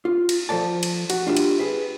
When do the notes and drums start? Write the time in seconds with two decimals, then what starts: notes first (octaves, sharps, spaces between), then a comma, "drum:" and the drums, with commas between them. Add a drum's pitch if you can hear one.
0.05 F4
0.29 drum: cymbal
0.49 F3 A4 C5 D5 A5
0.83 drum: cymbal
1.10 F#4, drum: cymbal
1.27 D4 F4 G4 E5
1.37 drum: cymbal
1.59 G#4 B4